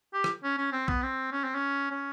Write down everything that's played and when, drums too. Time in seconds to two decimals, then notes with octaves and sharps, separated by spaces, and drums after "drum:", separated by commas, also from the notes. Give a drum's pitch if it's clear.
0.13 G4
0.24 drum: rim click
0.44 C#4
0.58 C#4
0.72 C4
0.88 B3, drum: kick
1.03 C4
1.32 C#4
1.44 C4
1.55 C#4
1.91 C#4